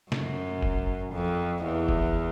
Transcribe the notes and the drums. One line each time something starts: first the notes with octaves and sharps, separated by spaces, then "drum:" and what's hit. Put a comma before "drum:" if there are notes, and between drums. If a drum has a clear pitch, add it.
F#2, drum: snare
drum: kick F1
F2
E2
drum: kick F1